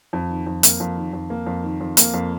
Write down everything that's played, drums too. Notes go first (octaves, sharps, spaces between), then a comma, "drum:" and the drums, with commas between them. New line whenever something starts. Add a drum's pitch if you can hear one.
F2
D#3
F2
A#3, drum: hi-hat
F2
D#3
F2
A#3
F2
D#3
F2
A#3, drum: hi-hat
F2